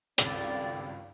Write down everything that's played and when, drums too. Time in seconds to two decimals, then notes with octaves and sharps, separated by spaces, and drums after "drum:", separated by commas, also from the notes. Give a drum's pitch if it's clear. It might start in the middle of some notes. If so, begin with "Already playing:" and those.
0.18 G#1 C#2 G2 D3 C4 D5, drum: hi-hat